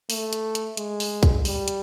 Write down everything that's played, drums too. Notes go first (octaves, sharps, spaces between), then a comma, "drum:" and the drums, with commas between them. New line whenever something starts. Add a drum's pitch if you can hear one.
A3, drum: open hi-hat
drum: hi-hat
drum: hi-hat
G#3, drum: hi-hat
drum: open hi-hat
drum: kick B1, hi-hat
G3, drum: open hi-hat
drum: hi-hat